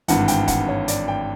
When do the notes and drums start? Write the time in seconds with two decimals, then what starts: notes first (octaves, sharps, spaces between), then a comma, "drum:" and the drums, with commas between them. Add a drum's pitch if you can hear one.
0.08 G#1 G2 E3 F#5, drum: hi-hat
0.28 G5, drum: hi-hat
0.48 F#5, drum: kick D#1, hi-hat
0.69 C#5
0.88 D5, drum: hi-hat
1.08 G5